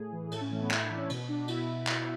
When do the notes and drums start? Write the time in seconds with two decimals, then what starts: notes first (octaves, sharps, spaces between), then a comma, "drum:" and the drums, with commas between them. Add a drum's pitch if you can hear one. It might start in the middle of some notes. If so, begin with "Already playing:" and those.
Already playing: A2 G#4
0.12 E3
0.32 A2 A4, drum: cymbal
0.41 C#4
0.51 E3 A3
0.61 B3
0.71 A2 E4, drum: clap
0.83 D4
0.90 E3
0.97 C#4
1.10 B2, drum: cymbal
1.29 D4
1.48 B2 E4, drum: cymbal
1.87 drum: clap